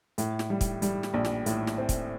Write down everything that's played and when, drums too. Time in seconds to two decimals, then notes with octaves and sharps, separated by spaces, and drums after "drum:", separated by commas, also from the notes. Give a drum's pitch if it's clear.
0.18 A2, drum: hi-hat
0.39 drum: snare
0.50 G3
0.61 drum: kick, hi-hat
0.82 G3, drum: hi-hat
1.03 drum: snare
1.14 A#1
1.25 drum: snare
1.46 A2, drum: hi-hat
1.67 drum: snare
1.78 C4
1.89 drum: kick, hi-hat